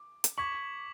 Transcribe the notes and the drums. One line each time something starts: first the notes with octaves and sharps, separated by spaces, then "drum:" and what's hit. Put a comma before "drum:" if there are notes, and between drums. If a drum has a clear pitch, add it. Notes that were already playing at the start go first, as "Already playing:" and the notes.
Already playing: D6
drum: hi-hat
C#6 D6 G#6 B6 F#7